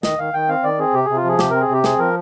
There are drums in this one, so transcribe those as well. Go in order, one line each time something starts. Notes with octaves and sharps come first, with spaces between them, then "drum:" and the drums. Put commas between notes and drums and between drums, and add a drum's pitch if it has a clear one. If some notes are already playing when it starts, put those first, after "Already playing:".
D#3 D#5, drum: snare
D#3 F5
D#3 G5
C4 F5
D#3 D5
C4 G#4
C3 G4
C3 G#4
F4
F3 G#4
C3 G4, drum: snare
C4 A#4
G#4
C3 G4
C4 G#4, drum: snare
F3 A#4